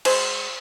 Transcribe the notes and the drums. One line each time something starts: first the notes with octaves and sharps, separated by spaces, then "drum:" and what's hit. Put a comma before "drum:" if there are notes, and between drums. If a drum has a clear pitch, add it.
G#3 C5, drum: cymbal